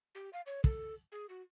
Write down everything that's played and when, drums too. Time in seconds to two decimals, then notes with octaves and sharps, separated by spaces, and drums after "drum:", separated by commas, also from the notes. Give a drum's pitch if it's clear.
0.15 G4
0.33 F5
0.46 C#5
0.64 A4, drum: kick
1.12 G#4
1.29 F#4